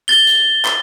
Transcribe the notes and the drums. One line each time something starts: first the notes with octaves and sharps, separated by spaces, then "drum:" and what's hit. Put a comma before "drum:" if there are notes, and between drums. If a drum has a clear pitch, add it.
A6 G7
drum: hi-hat
drum: clap